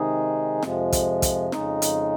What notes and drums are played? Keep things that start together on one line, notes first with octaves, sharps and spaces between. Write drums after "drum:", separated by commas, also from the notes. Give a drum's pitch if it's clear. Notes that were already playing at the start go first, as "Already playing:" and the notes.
Already playing: C3 D#3 G#3 D#4 G#4
F2 C3 F3 G#3, drum: snare
drum: kick, hi-hat
drum: kick, hi-hat
F2 C#3 G#3 D#4, drum: snare
drum: hi-hat